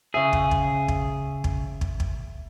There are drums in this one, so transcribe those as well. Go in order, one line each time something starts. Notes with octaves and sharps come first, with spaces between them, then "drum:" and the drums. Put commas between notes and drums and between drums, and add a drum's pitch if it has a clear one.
C#3 G#4 E5
drum: kick
drum: kick
drum: kick
drum: kick
drum: kick
drum: kick